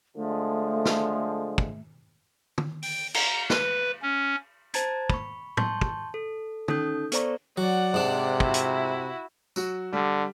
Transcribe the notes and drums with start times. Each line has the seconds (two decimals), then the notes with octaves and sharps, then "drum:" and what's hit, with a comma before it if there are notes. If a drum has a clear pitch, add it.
0.16 D3 F3 G#3 A3
0.85 drum: snare
1.58 drum: kick
2.58 drum: tom
2.83 G5, drum: open hi-hat
3.14 A#5, drum: cymbal
3.50 B4, drum: snare
4.02 C#4
4.74 C5 A5 A#5 G#6 A6, drum: hi-hat
5.10 B5 C#6, drum: kick
5.57 A5 C6 C#6 G6, drum: tom
5.81 drum: kick
6.14 A4
6.68 C#4 D#4 A4 D#6 G6, drum: tom
7.12 B3 A4 C5 D5 A#5 C#6, drum: hi-hat
7.57 F#3 D5 F#5
7.94 G#2 C3 D4
8.40 E4 F#4, drum: kick
8.54 drum: hi-hat
9.56 F#3 F#4, drum: tambourine
9.93 D3 G3